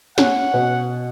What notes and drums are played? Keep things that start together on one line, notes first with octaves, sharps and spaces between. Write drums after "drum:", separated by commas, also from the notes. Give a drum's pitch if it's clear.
C#4 F#5, drum: snare
B2